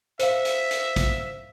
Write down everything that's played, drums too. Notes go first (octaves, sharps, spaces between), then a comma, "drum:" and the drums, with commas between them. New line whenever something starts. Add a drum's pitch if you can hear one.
C5 E5 F5, drum: hi-hat
drum: hi-hat
drum: hi-hat
drum: kick, hi-hat